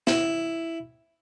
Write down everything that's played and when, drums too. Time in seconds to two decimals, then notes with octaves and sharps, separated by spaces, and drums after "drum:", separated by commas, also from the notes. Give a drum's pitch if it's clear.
0.07 E4, drum: snare